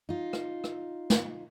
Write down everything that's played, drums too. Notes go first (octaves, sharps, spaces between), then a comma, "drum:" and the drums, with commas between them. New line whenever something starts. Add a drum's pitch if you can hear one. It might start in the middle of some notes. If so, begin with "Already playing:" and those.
D#4 F4
drum: rim click
drum: rim click
drum: snare